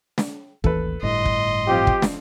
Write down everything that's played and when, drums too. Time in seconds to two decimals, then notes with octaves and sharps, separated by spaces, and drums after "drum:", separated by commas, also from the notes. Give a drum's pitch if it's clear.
0.18 drum: snare
0.64 A1 D#2 E3 A4 B4, drum: kick
1.02 G1 A2 D#5 C6
1.25 drum: kick
1.67 F3 C4 F4 G4
1.87 drum: kick
2.02 drum: snare